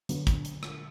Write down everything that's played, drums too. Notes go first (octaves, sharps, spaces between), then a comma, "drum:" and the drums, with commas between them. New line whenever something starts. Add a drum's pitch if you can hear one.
D3 F#3 B3, drum: hi-hat
drum: kick, hi-hat
drum: hi-hat
drum: rim click